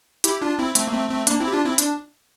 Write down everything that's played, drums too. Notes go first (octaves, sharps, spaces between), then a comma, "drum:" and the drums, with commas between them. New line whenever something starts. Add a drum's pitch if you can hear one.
E4 G4, drum: hi-hat
D4 F4
C4 E4
A3 C4, drum: hi-hat
A#3
A3 C4
A3 C4
A#3 D4, drum: hi-hat
C4 E4
G4
D4 F4
C4 E4
D4, drum: hi-hat